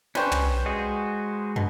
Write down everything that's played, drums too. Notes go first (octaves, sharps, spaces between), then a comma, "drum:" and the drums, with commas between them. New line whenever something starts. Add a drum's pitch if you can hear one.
C#4 D4 G4 B4 C5 C#6, drum: snare
drum: tom
G#3 F#4 G#4
G2 B2